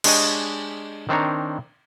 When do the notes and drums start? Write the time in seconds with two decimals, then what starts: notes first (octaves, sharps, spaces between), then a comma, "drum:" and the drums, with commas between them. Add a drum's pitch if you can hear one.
0.04 G#3 D4 G4 C#5 D#5 G#5, drum: cymbal
1.09 D#3 C4 D4 C#5 A#5